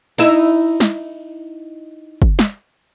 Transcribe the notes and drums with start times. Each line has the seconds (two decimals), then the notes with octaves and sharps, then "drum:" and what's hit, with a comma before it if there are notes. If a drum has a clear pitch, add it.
0.18 D#4 E4 E5, drum: cymbal
0.80 drum: snare
2.22 drum: kick
2.39 drum: snare